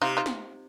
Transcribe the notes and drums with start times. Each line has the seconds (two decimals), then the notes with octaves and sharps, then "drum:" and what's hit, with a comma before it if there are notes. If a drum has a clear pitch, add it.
0.01 C3 D#4 F4
0.17 D#4 F4
0.26 drum: snare